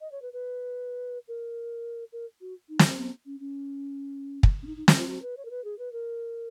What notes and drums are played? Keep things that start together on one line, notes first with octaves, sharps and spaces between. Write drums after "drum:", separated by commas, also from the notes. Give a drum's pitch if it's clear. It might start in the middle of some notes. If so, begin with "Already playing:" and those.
D#5
C#5
B4
B4
A#4
A#4
F#4
D#4
drum: snare
B3
C#4
C#4
drum: kick
C#4
D#4
D#4
C#4, drum: snare
F4
F#4
B4
C#5
A#4
B4
G#4
B4
A#4